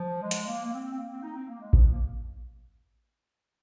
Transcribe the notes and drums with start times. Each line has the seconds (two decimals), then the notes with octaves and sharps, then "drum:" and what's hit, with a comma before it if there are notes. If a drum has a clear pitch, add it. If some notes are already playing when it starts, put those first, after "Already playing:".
Already playing: F3
0.22 G#3
0.31 drum: hi-hat
0.47 A#3
0.64 A#3
0.72 C4
0.92 C4
0.98 A#3
1.11 C4
1.22 D#4
1.35 C4
1.47 A#3
1.60 G#3
1.73 F3, drum: kick A1
1.86 F3
1.91 A#3